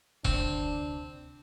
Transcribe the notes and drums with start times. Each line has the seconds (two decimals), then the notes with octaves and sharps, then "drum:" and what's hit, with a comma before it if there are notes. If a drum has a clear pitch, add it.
0.25 D2 C3 C4 D4, drum: kick E1